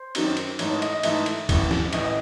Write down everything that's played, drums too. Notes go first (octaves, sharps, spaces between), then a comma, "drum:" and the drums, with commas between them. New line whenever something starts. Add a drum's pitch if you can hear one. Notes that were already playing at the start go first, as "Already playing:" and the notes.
Already playing: C5
F#2 D#3 F#3 C4 D#4, drum: cymbal
drum: cymbal
G#2 E3 A3 D#4 C#5, drum: cymbal
D#5, drum: cymbal
G#2 E3 A3 D#4 E5, drum: cymbal
drum: cymbal
A1 A2 E3, drum: kick, cymbal
drum: snare
A1 A2 E3 D#5, drum: cymbal